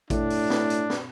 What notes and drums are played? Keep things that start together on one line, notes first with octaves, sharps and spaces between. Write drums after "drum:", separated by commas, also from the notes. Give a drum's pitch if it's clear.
A2 D4, drum: kick A1, hi-hat
drum: open hi-hat
drum: snare
drum: hi-hat
drum: snare